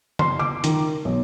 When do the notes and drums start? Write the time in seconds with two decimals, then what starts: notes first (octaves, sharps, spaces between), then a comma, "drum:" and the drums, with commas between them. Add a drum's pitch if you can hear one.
0.19 C6, drum: tom C#3
0.39 D6
0.64 D#3, drum: hi-hat
1.05 B1